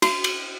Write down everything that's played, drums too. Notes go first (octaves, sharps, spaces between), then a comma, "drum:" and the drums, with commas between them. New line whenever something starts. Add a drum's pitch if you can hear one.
F#4, drum: cymbal
drum: cymbal